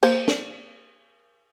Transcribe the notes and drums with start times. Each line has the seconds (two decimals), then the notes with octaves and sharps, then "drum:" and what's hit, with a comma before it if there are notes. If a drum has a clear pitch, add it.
0.03 A#3 C5 A#5, drum: cymbal
0.28 drum: snare